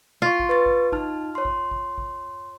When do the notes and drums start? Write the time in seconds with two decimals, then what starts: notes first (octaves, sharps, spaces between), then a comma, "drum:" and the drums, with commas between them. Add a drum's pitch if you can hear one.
0.22 F4 C6 C#6
0.40 drum: kick G#1
0.49 B4 C#6 A6
0.66 drum: kick G#1
0.92 D#4 A5 F6, drum: kick G#1
1.35 C#5 C6
1.45 drum: kick G#1
1.71 drum: kick G#1
1.98 drum: kick G#1